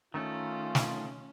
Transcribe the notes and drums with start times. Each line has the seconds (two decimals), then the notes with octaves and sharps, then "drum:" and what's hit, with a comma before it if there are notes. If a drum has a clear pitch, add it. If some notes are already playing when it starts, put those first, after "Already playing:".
0.14 D#3 A3 C#4 F4
0.75 drum: snare